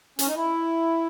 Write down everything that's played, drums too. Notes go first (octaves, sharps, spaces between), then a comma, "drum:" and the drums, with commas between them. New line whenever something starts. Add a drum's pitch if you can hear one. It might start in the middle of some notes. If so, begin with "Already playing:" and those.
C#4, drum: hi-hat
D#4
E4